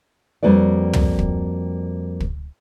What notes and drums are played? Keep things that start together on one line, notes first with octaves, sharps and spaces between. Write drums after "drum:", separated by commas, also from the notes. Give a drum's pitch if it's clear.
F2 G3 A#3 F#4 B4 D5
drum: tom
drum: kick
drum: kick